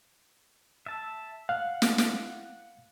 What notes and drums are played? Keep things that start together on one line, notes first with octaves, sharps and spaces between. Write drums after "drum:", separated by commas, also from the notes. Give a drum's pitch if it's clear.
E5 A5
F5 F#5
drum: snare
drum: snare